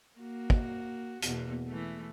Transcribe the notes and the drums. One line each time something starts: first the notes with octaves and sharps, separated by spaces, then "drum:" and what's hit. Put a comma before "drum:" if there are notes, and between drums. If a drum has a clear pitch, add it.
A#3 F#4
drum: kick
E2 B2 A#3, drum: hi-hat
E3 A3